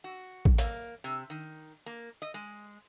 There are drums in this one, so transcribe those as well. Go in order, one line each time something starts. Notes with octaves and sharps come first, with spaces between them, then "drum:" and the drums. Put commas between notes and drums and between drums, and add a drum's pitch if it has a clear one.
F#4
drum: kick A1
A#3, drum: hi-hat
C3
D#3
A#3
D#5
G#3